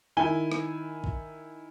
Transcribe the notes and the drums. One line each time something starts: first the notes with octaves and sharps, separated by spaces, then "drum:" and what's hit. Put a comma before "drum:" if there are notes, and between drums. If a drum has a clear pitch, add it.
D#3 E4 G#5 G7
drum: rim click
drum: kick